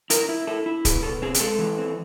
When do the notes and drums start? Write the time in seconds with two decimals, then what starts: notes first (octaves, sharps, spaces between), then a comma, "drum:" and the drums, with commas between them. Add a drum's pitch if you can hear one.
0.10 E4 A#4, drum: hi-hat
0.29 E4
0.47 E4 A4
0.66 E4
0.85 B2 G#4, drum: kick C#1, hi-hat
1.03 B2 A4
1.22 C4 G#4
1.34 G#4, drum: hi-hat
1.40 G#3 A4
1.58 E3
1.78 C4